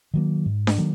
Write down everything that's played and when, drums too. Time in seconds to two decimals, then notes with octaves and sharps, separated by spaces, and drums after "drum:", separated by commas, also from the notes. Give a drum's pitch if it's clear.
0.14 D#3 F#3 A#3
0.46 G#2
0.67 drum: snare D4
0.78 D#3 F#3 A#3